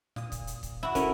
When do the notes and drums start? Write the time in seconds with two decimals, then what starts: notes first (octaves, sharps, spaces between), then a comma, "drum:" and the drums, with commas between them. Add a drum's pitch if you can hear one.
0.16 A#2 D#6, drum: snare
0.32 drum: kick, hi-hat
0.47 drum: hi-hat
0.63 drum: kick, hi-hat
0.83 E4 F#4
0.95 C#4 E4 A4 A#4, drum: kick, hi-hat